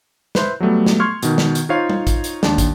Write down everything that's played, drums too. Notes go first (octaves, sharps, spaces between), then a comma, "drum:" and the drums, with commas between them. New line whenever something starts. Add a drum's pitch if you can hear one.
B4 C5 E5, drum: snare
F#3 G3 A3 B3
drum: snare
C6 C#6 F6 G#6
B2 D#3, drum: hi-hat
drum: snare
drum: hi-hat
D#4 F4 C5 C#5 F5
drum: tom G3
drum: kick, hi-hat
drum: hi-hat
D#2 D4 A5, drum: snare
drum: kick, hi-hat